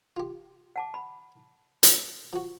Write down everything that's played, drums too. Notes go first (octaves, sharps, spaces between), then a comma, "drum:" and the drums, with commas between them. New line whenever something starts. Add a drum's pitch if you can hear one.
F4 G4
F#5 A5 D6
B5
C6, drum: hi-hat
F3 F#4